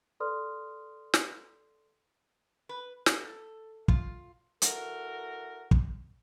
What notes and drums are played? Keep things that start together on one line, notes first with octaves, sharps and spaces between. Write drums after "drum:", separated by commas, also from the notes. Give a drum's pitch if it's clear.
A4 B4 D5 C6 D#6 F6
drum: snare
B4
A4, drum: snare
F4, drum: kick
E3 F#4 A4 A#4, drum: hi-hat
drum: kick